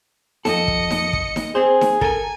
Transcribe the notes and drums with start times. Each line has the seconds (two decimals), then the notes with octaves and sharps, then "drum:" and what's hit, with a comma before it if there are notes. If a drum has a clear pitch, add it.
0.45 F2 A4 D#5 C#7, drum: snare D#4
0.68 drum: kick
0.91 drum: snare D#4
1.13 drum: kick
1.36 drum: snare D#4
1.55 C4 G#4 C5
1.81 drum: snare D#4
2.01 A4 A#4 G#5, drum: kick